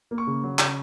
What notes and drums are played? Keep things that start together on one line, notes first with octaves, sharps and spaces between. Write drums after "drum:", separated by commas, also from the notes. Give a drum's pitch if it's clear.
A#3
C#6
C#3
F#3
C#3, drum: clap